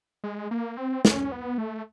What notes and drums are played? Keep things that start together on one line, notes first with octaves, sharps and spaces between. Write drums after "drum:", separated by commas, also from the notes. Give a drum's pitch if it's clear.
G#3
A#3
C4
C#4, drum: snare
B3
A3